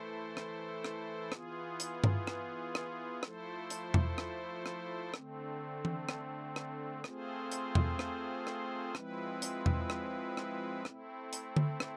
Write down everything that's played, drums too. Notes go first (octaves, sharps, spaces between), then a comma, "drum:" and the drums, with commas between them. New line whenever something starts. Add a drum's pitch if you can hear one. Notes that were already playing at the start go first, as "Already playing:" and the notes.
Already playing: E3 A3 E4 A4 C5
drum: rim click
drum: rim click
E3 B3 F4 G#4, drum: rim click
drum: hi-hat
drum: tom G2
drum: rim click
drum: rim click
F3 A3 E4 A4 C5, drum: rim click
drum: hi-hat
drum: tom E2
drum: rim click
drum: rim click
D3 A3 C4, drum: rim click
drum: tom E3
drum: rim click
drum: rim click
A3 C4 F4 G#4 C5, drum: rim click
drum: hi-hat
drum: tom E2
drum: rim click
drum: rim click
F3 G#3 C4 E4 B4, drum: rim click
drum: hi-hat
drum: tom E2
drum: rim click
drum: rim click
A3 C4 E4, drum: rim click
drum: hi-hat
drum: tom D3
drum: rim click